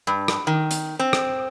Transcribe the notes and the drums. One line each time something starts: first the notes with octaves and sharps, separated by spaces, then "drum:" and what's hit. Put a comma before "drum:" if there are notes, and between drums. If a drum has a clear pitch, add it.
G2
drum: rim click
D#3
drum: hi-hat
C4
drum: rim click